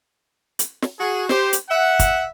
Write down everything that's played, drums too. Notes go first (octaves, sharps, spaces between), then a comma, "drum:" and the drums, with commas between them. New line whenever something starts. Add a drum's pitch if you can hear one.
drum: hi-hat
drum: snare
F#4 G#4
G4 C5, drum: snare
drum: hi-hat
E5 F#5
drum: kick, hi-hat